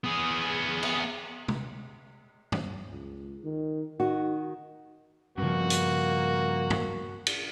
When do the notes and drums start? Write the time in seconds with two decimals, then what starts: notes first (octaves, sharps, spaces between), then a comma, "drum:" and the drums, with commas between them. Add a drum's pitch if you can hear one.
0.04 B3 G#4
0.83 drum: cymbal
1.48 drum: tom
2.52 drum: tom
2.91 C#2
3.44 D#3
4.00 D#3 D#4 F#4
5.38 G2 C#3 F3 A#3 C#4 F#4
5.70 drum: hi-hat
6.70 drum: tom
7.27 drum: cymbal